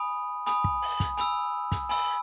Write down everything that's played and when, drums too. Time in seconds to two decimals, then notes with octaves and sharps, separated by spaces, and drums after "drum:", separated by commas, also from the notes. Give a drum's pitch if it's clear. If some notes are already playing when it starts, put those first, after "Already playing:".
Already playing: G#5 B5 D#6
0.46 G#5 B5 D#6, drum: hi-hat
0.64 drum: kick
0.82 drum: open hi-hat
1.00 drum: kick, hi-hat
1.17 G#5 B5 E6, drum: hi-hat
1.72 drum: kick, hi-hat
1.89 G#5 B5 E6, drum: open hi-hat